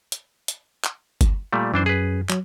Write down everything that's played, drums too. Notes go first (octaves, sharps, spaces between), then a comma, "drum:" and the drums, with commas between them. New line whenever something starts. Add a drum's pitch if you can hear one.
drum: hi-hat
drum: hi-hat
drum: clap
drum: kick G1, hi-hat
A#2 G3 A3
F#2 E3 D4 C5
G#4 B4
F#3, drum: clap